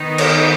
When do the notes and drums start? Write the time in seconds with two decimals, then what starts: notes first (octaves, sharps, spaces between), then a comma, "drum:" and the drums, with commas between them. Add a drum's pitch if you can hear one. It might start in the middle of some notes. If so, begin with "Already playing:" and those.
Already playing: D#3 B3 D#4
0.18 drum: cymbal